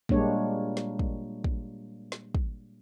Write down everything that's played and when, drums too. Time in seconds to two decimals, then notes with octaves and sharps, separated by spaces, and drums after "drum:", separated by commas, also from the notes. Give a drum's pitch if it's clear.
0.09 A#2 G3 G#3 A#3 D4 C#5, drum: kick
0.77 drum: snare
0.99 drum: kick
1.44 drum: kick
2.12 drum: snare
2.35 drum: kick